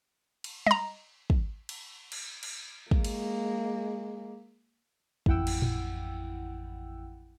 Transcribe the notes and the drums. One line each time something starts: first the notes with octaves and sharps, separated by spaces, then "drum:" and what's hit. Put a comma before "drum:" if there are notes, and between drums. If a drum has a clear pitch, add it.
drum: cymbal
D#5 A#5, drum: tom G3
drum: kick
drum: cymbal
drum: cymbal
drum: cymbal
G#3 A#3, drum: kick
drum: cymbal
A1 F2 E4 F#5 G5 E6, drum: kick
drum: cymbal
drum: tom A2